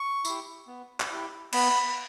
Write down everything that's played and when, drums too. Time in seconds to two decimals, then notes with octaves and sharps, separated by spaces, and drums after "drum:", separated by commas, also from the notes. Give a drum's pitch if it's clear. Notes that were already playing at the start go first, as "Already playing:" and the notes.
Already playing: C#6
0.25 E4 G4, drum: tambourine
0.67 B3
1.00 drum: clap
1.11 E4 G4
1.53 B3 B5, drum: cymbal